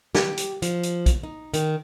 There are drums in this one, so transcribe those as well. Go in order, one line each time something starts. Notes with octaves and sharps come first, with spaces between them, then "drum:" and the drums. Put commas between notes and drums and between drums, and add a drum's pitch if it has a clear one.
G4, drum: snare
drum: hi-hat
F3, drum: hi-hat
drum: hi-hat
drum: kick B1, hi-hat
D#4
D#3, drum: hi-hat